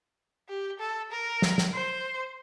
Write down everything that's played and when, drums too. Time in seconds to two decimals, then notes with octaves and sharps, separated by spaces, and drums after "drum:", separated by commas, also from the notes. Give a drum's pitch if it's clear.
0.49 G4
0.80 A4
1.11 A#4
1.42 drum: snare
1.58 drum: snare
1.74 C5